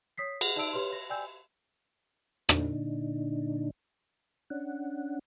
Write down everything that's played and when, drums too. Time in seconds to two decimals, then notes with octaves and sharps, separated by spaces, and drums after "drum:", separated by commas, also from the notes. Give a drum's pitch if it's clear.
0.18 C#5 D#6 B6 C7
0.41 G#4 F#5 A#6 F#7, drum: cymbal
0.56 D#4 D5 E5 A5 E6 D7
0.73 G4 B4 C#5 C6
0.92 A#6
1.10 D5 G5 G#5 E6 G6
2.49 A#2 D3 D4 D#4, drum: rim click
4.50 C#4 D4 F#5